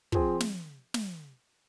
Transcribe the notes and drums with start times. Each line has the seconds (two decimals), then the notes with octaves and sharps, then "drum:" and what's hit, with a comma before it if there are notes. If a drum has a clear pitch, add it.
0.12 F3 C4 G#4, drum: kick
0.40 drum: snare
0.94 drum: snare